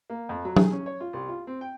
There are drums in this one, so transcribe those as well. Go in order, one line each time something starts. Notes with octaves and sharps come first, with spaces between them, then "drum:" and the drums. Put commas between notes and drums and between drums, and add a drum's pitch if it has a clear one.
A#3
F2
F#3
G#4, drum: tom F#3
C#4
C#5
F4
C2
F4
C4
G5